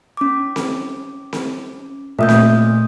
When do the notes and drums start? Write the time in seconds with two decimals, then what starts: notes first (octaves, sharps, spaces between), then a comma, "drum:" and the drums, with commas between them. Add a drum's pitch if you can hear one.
0.17 C#4 D6
0.56 drum: snare C4
1.33 drum: snare C4
2.19 A#2 A3 E5 D#6 G6
2.29 drum: snare C4